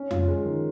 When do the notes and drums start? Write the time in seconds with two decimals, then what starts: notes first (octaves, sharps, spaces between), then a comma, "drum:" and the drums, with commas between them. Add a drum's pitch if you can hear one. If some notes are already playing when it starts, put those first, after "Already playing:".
Already playing: C#4
0.11 F4, drum: tom F2
0.28 G#3
0.45 D#3